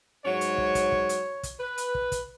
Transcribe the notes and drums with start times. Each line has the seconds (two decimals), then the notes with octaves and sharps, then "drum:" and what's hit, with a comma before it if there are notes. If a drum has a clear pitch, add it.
0.24 G#2 F#3 C#5
0.41 drum: hi-hat
0.58 drum: kick
0.75 drum: kick, hi-hat
0.92 drum: kick
1.09 drum: hi-hat
1.43 drum: kick, hi-hat
1.60 B4
1.78 drum: hi-hat
1.95 drum: kick
2.12 drum: kick, hi-hat